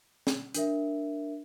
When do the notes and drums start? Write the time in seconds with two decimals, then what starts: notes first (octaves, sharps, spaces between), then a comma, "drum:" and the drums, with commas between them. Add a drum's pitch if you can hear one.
0.27 drum: snare
0.55 D4 A#4 E5, drum: hi-hat